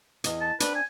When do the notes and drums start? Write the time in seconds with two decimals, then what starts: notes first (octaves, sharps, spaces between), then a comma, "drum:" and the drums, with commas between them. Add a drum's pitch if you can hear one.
0.24 E2 D#5, drum: hi-hat
0.41 A5
0.60 C4 D4 B4, drum: hi-hat
0.75 G#5